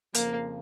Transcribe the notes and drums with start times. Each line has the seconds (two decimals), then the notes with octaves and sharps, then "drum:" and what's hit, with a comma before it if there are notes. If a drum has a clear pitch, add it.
0.15 F2 C#3 F3 A#3, drum: hi-hat